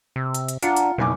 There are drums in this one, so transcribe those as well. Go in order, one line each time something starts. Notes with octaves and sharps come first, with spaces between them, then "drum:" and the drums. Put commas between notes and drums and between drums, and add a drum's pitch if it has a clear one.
C3 E6
drum: hi-hat
drum: hi-hat
D4 F4 F#5 A#5 C#7, drum: hi-hat
drum: hi-hat
F#1 B2 D#4 G#5 D6